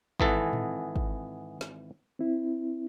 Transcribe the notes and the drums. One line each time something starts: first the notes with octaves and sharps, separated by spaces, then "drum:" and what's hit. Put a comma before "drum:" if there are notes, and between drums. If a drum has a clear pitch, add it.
G#1 E3 A4 F#5 G#5 D#6, drum: kick
drum: tom A2
drum: kick
drum: snare
C4 E4